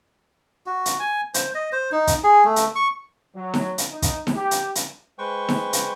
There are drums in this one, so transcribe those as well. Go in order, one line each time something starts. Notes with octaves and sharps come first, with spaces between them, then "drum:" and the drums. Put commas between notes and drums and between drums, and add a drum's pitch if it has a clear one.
F#4
drum: hi-hat
G#5
C5, drum: hi-hat
D#5
C5
D#4
drum: kick, hi-hat
G#4
A3
drum: hi-hat
C#6
F#3
drum: snare D#4
drum: hi-hat
D#4
drum: kick, hi-hat
drum: snare D#4
G4
drum: hi-hat
drum: hi-hat
G#3 B4 C5 G5 C#6
drum: snare D#4
drum: hi-hat